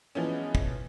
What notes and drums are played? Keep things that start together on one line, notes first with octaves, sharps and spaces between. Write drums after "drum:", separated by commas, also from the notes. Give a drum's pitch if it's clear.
F#2 E3 F3 G#3 B3 C#4
drum: kick